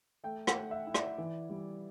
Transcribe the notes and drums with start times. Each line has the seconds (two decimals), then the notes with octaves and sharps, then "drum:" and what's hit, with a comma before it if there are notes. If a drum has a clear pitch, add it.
0.24 A3 G5
0.47 F#5, drum: rim click
0.55 A3
0.71 E5
0.87 E4
0.94 D5, drum: rim click
1.18 E3
1.50 G3